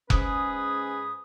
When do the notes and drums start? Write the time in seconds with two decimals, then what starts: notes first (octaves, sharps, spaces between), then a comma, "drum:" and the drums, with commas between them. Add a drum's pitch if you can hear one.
0.10 G#2 C#4 G#4 B4 D#6, drum: kick F1